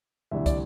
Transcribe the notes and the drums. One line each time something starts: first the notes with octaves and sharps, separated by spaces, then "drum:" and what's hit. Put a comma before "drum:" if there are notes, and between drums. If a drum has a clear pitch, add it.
D2 C3 E3 G3 D4 E5
D5, drum: kick, hi-hat